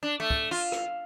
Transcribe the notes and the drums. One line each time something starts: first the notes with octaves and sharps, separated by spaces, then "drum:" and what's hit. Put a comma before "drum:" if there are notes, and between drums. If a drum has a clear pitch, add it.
D4
A3
drum: kick
F4
drum: rim click